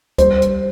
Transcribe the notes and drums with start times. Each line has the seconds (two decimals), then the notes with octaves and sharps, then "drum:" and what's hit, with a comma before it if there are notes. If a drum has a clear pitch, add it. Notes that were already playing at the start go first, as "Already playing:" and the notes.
0.18 G3 C5, drum: kick, hi-hat
0.42 drum: hi-hat